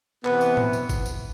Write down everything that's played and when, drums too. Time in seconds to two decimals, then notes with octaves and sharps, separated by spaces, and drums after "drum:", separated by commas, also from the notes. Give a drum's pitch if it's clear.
0.25 C3 E3 B3, drum: clap
0.41 drum: tambourine
0.57 drum: tom A2
0.73 drum: tambourine
0.89 drum: kick G1, tambourine
1.06 drum: tambourine